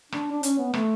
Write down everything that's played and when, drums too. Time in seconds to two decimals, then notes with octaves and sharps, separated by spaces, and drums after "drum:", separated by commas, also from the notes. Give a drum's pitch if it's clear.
0.12 D4, drum: rim click
0.32 D4
0.43 C#4, drum: hi-hat
0.59 B3
0.74 A3, drum: rim click